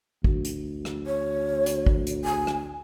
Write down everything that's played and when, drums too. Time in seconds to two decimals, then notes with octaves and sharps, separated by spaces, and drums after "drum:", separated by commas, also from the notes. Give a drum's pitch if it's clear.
0.24 D2, drum: kick
0.45 drum: hi-hat
0.85 drum: rim click
1.07 C#5
1.66 drum: hi-hat
1.86 drum: kick
2.07 drum: hi-hat
2.24 G#5
2.47 drum: rim click